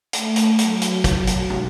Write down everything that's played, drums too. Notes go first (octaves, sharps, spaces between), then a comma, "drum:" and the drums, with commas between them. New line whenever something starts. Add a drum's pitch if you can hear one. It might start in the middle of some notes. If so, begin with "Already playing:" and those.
A3, drum: hi-hat
drum: hi-hat
F#3, drum: hi-hat
drum: hi-hat
drum: kick, hi-hat
drum: hi-hat
drum: tom